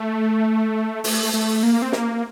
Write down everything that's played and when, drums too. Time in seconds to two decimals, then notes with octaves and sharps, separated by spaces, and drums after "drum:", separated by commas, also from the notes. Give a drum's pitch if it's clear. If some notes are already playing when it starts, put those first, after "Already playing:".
Already playing: A3
1.04 A3, drum: open hi-hat
1.34 A3
1.63 A#3
1.82 C4
1.92 A#3, drum: snare